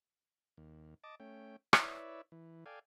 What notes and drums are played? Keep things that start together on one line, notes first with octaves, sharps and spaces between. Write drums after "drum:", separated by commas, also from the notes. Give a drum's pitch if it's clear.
D#2
D#5 A5 D6
A3 C#4 G5
E4 B4 C#5 D5 E5, drum: rim click
E3
A4 D5 F5 G5 G#5